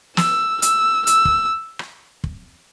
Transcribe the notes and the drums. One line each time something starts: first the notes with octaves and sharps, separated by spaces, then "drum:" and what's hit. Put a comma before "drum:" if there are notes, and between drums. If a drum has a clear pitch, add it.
E6, drum: snare
E6, drum: hi-hat
E6, drum: hi-hat
drum: kick
drum: rim click
drum: kick